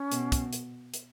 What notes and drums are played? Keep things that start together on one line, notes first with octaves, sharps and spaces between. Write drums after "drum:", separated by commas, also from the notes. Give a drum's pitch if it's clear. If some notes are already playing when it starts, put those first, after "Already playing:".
Already playing: C#4
B2, drum: hi-hat
drum: kick, hi-hat
drum: hi-hat
drum: hi-hat